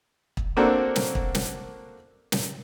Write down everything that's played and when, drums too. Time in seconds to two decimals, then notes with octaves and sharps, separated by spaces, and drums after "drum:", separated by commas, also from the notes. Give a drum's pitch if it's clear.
0.37 drum: kick
0.57 A#3 C4 D4 F#4 A4
0.96 drum: snare
1.15 drum: kick
1.35 drum: snare
2.32 drum: snare